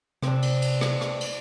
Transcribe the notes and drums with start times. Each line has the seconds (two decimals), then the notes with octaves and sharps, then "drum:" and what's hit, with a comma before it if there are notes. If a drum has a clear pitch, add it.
0.23 C3 C4 D4, drum: rim click
0.42 drum: cymbal
0.62 drum: cymbal
0.81 drum: rim click
1.01 drum: rim click
1.21 drum: cymbal